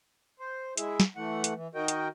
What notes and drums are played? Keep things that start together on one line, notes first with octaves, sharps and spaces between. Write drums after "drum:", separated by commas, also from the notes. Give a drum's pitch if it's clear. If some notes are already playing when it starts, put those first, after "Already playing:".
C5
G#3 E4 G#4 E5, drum: hi-hat
drum: snare
E3 A3 F#5
drum: hi-hat
E3
D#3 F#4 A#4 D#5 G5
drum: hi-hat